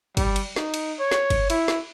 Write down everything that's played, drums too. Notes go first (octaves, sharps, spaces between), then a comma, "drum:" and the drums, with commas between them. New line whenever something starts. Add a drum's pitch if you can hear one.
G3, drum: kick, cymbal
drum: cymbal
D#4, drum: snare
drum: cymbal
C#5
drum: snare
drum: kick, cymbal
E4, drum: cymbal
drum: snare